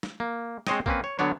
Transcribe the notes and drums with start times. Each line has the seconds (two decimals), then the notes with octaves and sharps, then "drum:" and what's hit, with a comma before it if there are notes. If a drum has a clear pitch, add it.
0.03 drum: snare
0.20 A#3
0.67 G#3 C4 C5 C#5 D#5 G5, drum: snare
0.86 A#3 C4 C#4 B4, drum: kick
1.04 C#5
1.19 D3 F#3 B3 D4 C#5